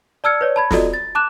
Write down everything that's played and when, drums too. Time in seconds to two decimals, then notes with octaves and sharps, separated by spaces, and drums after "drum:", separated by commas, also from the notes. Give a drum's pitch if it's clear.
0.24 D5 A5 E6 F6 G#6 C#7
0.41 B4 C#5 D5
0.56 A5 B5 G#6
0.71 F4 F#4 A4 D5 D#5, drum: snare
0.94 A6
1.15 A5 D6 F#6 E7